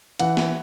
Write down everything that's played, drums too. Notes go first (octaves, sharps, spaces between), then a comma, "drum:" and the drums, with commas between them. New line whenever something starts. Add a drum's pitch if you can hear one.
E3 F#5, drum: hi-hat
drum: snare